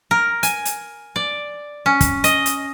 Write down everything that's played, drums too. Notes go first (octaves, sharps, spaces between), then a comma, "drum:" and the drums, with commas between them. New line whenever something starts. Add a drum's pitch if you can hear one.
A#4
G#5, drum: hi-hat
drum: hi-hat
D5
C#4
drum: kick, hi-hat
D#5, drum: hi-hat
drum: hi-hat